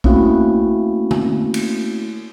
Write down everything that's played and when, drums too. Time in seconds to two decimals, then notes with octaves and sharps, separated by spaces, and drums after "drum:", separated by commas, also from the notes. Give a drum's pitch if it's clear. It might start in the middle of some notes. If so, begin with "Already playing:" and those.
0.04 A3 A#3 C4 C#4 E4 F#4, drum: kick B1
1.11 drum: tom D3
1.54 drum: cymbal